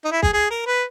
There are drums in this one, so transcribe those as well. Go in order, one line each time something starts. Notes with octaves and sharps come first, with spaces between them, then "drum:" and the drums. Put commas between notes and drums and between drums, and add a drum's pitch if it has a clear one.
D#4
E4
G#4, drum: kick
G#4
A#4
B4